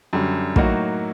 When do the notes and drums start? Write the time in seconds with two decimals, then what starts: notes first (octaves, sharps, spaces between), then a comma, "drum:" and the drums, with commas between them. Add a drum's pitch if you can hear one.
0.13 F#2 D3 G3
0.56 A2 F#3 A#3 D#4 F#4, drum: kick